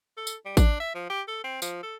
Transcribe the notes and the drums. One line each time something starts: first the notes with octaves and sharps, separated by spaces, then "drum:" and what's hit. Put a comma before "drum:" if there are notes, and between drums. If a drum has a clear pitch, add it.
A4
drum: tambourine
G3
D4, drum: kick A1, tambourine
E5
F3
G4
A4
C4
F3, drum: tambourine
A4